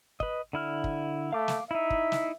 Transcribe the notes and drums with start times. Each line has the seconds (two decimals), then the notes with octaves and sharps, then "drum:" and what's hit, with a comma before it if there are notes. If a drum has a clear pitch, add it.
0.20 B4 D#5, drum: kick
0.53 D3 E4 F6
0.84 drum: kick
1.32 A3 F5 D6
1.48 drum: snare
1.71 D#4 E4 E5
1.90 drum: kick
2.12 drum: snare